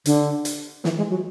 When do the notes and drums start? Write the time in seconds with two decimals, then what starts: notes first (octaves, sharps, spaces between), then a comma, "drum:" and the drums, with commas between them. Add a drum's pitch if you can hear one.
0.06 D3, drum: hi-hat
0.45 drum: hi-hat
0.84 E3, drum: snare
0.97 G#3
1.10 F#3